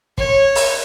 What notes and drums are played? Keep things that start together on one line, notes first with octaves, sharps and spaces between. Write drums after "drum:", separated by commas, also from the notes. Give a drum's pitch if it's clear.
C#5, drum: kick
drum: open hi-hat